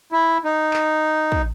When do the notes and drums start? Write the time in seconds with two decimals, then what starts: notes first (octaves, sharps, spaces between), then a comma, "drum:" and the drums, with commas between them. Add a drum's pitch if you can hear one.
0.12 E4
0.44 D#4
0.73 drum: clap
1.32 drum: kick